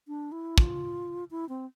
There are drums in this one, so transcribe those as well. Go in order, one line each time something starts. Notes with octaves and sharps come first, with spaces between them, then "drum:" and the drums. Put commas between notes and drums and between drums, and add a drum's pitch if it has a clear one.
D4
E4
F4, drum: kick
E4
C4